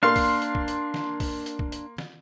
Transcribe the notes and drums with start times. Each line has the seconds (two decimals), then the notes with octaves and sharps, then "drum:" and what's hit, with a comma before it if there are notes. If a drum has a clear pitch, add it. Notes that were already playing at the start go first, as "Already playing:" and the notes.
0.03 A#3 D4 F5 C6 C7
0.16 drum: kick, open hi-hat
0.42 drum: hi-hat
0.55 drum: kick
0.68 drum: hi-hat
0.94 drum: snare
1.20 drum: kick, open hi-hat
1.46 drum: hi-hat
1.59 drum: kick
1.72 drum: hi-hat
1.98 drum: snare